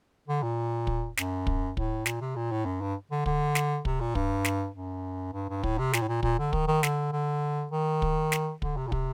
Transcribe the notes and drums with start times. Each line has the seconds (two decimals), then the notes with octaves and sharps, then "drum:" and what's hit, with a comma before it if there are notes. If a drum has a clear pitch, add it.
0.28 D3
0.43 A#2
0.87 drum: kick
1.17 F#2, drum: snare
1.47 drum: kick
1.77 A2, drum: kick
2.06 A#2, drum: snare
2.21 C3
2.36 A#2
2.51 A2
2.66 F#2
2.81 G2
3.11 D3
3.26 D3, drum: kick
3.55 drum: snare
3.85 C3, drum: kick
4.00 A#2
4.15 G2, drum: kick
4.45 drum: snare
4.75 F#2
5.33 G2
5.49 G2
5.63 A2, drum: kick
5.79 C3
5.93 A#2, drum: snare
6.02 A2
6.08 A#2
6.23 A#2, drum: kick
6.39 D3
6.53 D#3, drum: kick
6.68 D#3
6.83 D3, drum: snare
7.12 D3
7.72 D#3
8.02 drum: kick
8.32 drum: snare
8.62 D3, drum: kick
8.77 C3
8.87 A#2
8.92 C3, drum: kick